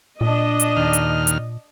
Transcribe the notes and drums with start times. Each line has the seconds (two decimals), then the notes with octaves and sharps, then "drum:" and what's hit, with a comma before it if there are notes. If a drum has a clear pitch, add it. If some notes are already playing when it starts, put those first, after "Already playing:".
0.21 A#2 D4 D#5
0.60 drum: hi-hat
0.76 D#2 F6
0.93 drum: hi-hat
1.27 drum: hi-hat